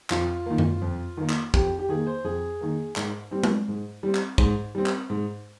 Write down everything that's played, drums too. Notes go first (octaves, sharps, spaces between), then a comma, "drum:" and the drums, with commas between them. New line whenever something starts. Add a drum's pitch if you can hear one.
F2 F4, drum: clap
D#3 A#3
drum: tom F#2
F2
D#3 A#3
drum: clap
F2 G4, drum: kick
G4
D#3 A#3 G#4
C5
F2 G#4
D#3 A#3
G#2, drum: clap
G3 C4
drum: tom G#3
G#2
G3 C4
drum: clap
G#2, drum: kick
G3 C4
drum: clap
G#2